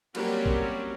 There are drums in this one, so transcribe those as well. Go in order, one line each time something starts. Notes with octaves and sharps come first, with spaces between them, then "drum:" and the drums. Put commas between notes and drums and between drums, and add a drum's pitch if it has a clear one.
F#3 G3 A#3 C4 C#4 G4, drum: cymbal
drum: kick A#1